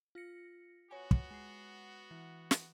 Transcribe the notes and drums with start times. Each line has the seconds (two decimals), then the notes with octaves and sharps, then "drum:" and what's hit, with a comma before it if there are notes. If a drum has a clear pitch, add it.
0.15 F4 A#6 C#7
0.91 B3 F#4 C#5 G#5
1.11 drum: kick
1.31 G#3 C7
2.11 E3
2.51 drum: snare